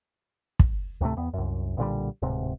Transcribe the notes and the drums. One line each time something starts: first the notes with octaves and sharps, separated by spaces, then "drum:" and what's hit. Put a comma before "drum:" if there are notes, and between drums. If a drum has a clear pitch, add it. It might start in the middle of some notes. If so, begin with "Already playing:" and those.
drum: kick
D2 A2 C3 A3
E2 B3
C2 F#2
B1 A#2 D3 G3
D1 G#2 C3